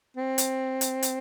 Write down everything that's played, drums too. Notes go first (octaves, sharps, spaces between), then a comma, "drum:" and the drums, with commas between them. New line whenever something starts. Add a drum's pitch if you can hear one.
C4
drum: hi-hat
drum: hi-hat
drum: hi-hat